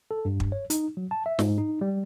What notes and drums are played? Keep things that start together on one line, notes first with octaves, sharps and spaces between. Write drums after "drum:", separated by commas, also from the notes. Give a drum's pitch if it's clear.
A4
G2
drum: kick
C#5
D#4, drum: hi-hat
F#3
A5
E5
G#2, drum: snare
D#4
G3